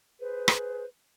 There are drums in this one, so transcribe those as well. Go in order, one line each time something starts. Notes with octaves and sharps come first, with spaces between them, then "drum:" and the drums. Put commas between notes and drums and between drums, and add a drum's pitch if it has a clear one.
G#4 B4 C5
drum: rim click